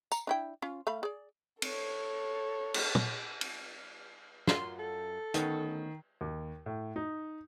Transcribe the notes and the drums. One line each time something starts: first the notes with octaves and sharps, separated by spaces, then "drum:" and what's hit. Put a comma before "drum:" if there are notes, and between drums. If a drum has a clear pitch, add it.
A#5, drum: tambourine
D4 E4 G5
C#4 F4
A3 F5 B5
G#4 D5
A4 C#5, drum: cymbal
drum: cymbal
drum: tom
drum: cymbal
F#2 F4 C6, drum: snare
A4
D2 D#3 B3 C#4, drum: hi-hat
D#2
A2
D#4